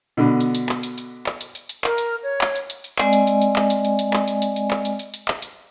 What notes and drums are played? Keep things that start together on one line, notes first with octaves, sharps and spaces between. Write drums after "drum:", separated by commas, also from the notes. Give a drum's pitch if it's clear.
B2 D3
drum: hi-hat
drum: hi-hat
drum: clap
drum: hi-hat
drum: hi-hat
drum: clap
drum: hi-hat
drum: hi-hat
drum: hi-hat
A#4, drum: clap
drum: hi-hat
C#5
drum: clap
drum: hi-hat
drum: hi-hat
drum: hi-hat
G#3 C4 D5 D#5 G#5, drum: clap
drum: hi-hat
drum: hi-hat
drum: hi-hat
drum: clap
drum: hi-hat
drum: hi-hat
drum: hi-hat
drum: clap
drum: hi-hat
drum: hi-hat
drum: hi-hat
drum: clap
drum: hi-hat
drum: hi-hat
drum: hi-hat
drum: clap
drum: hi-hat